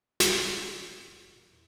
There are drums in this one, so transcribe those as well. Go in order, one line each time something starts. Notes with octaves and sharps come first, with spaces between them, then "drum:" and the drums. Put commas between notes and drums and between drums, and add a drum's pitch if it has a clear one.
D3, drum: snare
G#3
A#1
D#1
E3
F#2
E1
A#2
E2